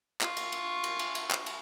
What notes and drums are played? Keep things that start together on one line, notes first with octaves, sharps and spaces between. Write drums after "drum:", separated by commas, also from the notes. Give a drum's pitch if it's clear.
F4 C#6, drum: clap
drum: cymbal
drum: cymbal
drum: cymbal
drum: cymbal
drum: cymbal
drum: clap
drum: cymbal